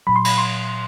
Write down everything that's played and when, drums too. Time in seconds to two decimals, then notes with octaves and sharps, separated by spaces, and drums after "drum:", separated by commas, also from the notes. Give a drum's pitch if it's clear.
0.07 A#2 F#3 B5
0.16 C6
0.25 B5, drum: cymbal
0.38 C6